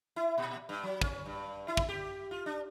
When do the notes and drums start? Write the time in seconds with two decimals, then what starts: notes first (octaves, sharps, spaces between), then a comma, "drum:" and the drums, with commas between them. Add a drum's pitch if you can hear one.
0.16 E4
0.38 A#2
0.69 G2
0.83 F#3
1.02 C#4, drum: kick
1.26 G2
1.68 E4
1.77 drum: kick
1.89 G4
2.31 F4
2.46 D4